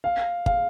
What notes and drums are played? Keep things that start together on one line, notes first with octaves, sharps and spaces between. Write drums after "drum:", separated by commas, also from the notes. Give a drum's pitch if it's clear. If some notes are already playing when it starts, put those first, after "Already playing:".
F5
F5, drum: kick